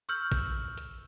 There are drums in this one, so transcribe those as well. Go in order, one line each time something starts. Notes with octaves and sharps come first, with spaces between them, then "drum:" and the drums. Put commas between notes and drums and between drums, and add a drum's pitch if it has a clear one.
C#6 E6 F6 G6 F#7
drum: kick A1, hi-hat
drum: hi-hat